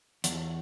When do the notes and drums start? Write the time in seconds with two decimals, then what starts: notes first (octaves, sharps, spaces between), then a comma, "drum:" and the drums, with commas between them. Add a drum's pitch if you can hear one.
0.24 E2, drum: hi-hat